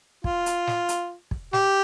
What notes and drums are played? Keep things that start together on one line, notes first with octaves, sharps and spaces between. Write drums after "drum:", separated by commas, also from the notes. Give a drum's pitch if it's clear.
F4, drum: kick
drum: hi-hat
drum: snare
drum: hi-hat
drum: kick
G4, drum: snare